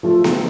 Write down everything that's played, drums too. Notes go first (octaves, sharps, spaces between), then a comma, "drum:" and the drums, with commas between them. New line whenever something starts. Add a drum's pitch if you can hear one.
F3 A3 F4 A4
drum: snare B3